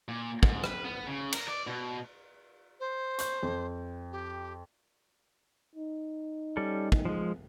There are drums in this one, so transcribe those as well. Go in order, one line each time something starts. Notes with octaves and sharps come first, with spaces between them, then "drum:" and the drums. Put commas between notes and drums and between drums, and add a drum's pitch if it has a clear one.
A#2
G#2, drum: kick
B4, drum: rim click
B3
C#3
A#4, drum: cymbal
D5
B2
C5
C#6 G6, drum: hi-hat
F2
G4
D#4
G3 C#4 A4
drum: kick
F3 G#3